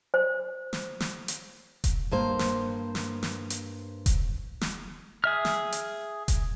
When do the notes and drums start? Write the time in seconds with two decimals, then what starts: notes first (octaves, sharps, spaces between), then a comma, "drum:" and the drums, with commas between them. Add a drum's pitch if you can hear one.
0.14 C5
0.73 drum: snare
1.00 drum: snare
1.28 drum: hi-hat
1.84 drum: kick E1, hi-hat
2.11 G2 A#3 C5
2.39 drum: snare
2.95 drum: snare
3.23 drum: snare
3.50 drum: hi-hat
4.06 drum: kick E1, hi-hat
4.61 drum: snare
5.24 G#4 E5 F6
5.45 drum: snare
5.72 drum: hi-hat
6.28 drum: kick E1, hi-hat